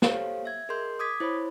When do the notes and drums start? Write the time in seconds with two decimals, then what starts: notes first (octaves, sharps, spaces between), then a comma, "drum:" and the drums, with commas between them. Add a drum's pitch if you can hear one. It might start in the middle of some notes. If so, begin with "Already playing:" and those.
0.02 G4 A4 C5 C#5 F5, drum: snare
0.45 E5 G#6
0.69 G#4 A#4 D#5 C6 G6
0.99 D6 D#6 G#6 B6
1.20 E4 C5 C#5 B5